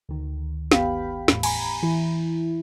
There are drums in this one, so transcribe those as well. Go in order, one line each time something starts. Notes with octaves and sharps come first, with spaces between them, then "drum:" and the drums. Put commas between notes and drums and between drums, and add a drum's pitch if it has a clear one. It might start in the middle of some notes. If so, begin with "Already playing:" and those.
D2 D#3
G1 B3 G4 F5 G5 B5, drum: snare
E2 A2, drum: snare
G#5 A#5 B5, drum: cymbal
E3 E4